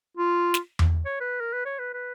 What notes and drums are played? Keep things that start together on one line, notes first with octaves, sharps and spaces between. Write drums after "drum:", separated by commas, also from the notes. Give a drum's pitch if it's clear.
F4
drum: snare
drum: tom E2
C#5
B4
A#4
B4
C#5
B4
B4